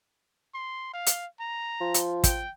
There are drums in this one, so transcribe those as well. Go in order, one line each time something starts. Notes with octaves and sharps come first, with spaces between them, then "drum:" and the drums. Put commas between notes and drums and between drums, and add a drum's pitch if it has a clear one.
C6
F5
drum: hi-hat
A#5
F3
drum: hi-hat
G5, drum: kick, hi-hat